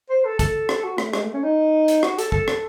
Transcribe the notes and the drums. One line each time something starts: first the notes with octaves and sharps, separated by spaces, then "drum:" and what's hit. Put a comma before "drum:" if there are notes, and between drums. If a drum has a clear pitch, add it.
C5
A4
A4, drum: kick, hi-hat
drum: rim click
F#4
A3, drum: rim click
G#3, drum: rim click
A3
C#4
D#4
drum: hi-hat
F#4, drum: rim click
A4, drum: hi-hat
A4, drum: kick
drum: rim click